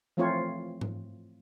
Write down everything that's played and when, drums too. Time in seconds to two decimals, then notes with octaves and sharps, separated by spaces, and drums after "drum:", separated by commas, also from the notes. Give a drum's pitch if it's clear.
0.17 E3 F3 A3 C4 F4 C#5
0.81 drum: tom G#2